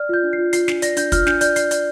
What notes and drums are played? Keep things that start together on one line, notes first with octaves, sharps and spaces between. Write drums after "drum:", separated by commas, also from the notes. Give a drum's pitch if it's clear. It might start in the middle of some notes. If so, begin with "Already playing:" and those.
Already playing: D5 F6
F4 G6
D4
C7
F4
F4 C7, drum: hi-hat
D4 C7, drum: snare
D5 A#6, drum: hi-hat
D4 G6, drum: hi-hat
F4 F6, drum: kick, hi-hat
D4 G6, drum: snare
D5 G6, drum: hi-hat
D5 C7, drum: hi-hat
D5, drum: hi-hat